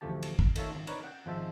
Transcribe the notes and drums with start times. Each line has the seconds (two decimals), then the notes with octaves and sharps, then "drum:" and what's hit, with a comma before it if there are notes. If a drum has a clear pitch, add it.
0.01 A1 D2 F3 A3 G4 A5
0.23 drum: cymbal
0.39 drum: kick
0.56 D#3 A3 F4 C#5 E5 A5, drum: cymbal
0.75 G#1
0.87 D4 D#4 A#4 B4 C#5, drum: cymbal
1.04 F#5 G5
1.26 G#1 F3 G#3 C5 E5 A5